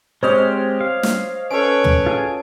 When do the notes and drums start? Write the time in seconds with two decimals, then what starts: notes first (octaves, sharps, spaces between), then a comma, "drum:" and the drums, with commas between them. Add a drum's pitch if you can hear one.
0.23 G#3 C4 G4 C5 C#5 D#5 D6 F6
0.81 F5
1.03 drum: snare
1.50 C#4 A4 B4 C#5 D7
1.84 drum: tom
2.06 F4 G#4 G#5